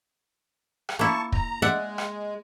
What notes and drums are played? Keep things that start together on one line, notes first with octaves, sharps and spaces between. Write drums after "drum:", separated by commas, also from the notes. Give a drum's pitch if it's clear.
drum: rim click
A#3 E4 A5 C#6
A#5, drum: kick
G#3 D5 E5 F#5
drum: rim click